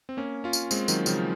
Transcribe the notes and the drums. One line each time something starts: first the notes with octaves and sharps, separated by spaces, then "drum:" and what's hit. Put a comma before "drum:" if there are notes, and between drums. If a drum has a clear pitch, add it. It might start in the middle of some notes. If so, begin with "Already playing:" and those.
C4
A#3 C#4
C#4 F4
drum: tambourine
G#3 C4, drum: tambourine
D#3 F#3, drum: tambourine
C#3 F3, drum: tambourine